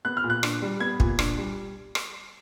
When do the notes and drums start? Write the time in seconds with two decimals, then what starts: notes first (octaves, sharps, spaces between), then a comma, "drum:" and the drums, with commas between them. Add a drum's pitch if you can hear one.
0.05 B3 F#6
0.17 F6
0.24 A#2
0.30 F#6
0.43 D4, drum: rim click
0.62 G3
0.80 B3 G#6
1.00 A#2, drum: kick
1.19 D4, drum: rim click
1.38 G3
1.95 drum: rim click